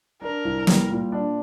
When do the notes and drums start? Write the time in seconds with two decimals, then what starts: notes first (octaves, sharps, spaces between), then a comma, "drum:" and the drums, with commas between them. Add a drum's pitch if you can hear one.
0.22 D4 A#4
0.45 C2
0.67 G3, drum: snare
0.90 A#2
1.12 D4